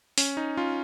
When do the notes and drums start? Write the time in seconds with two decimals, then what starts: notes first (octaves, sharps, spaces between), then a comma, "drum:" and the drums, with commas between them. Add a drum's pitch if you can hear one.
0.18 C#4, drum: open hi-hat
0.37 D#4
0.57 C#4 F4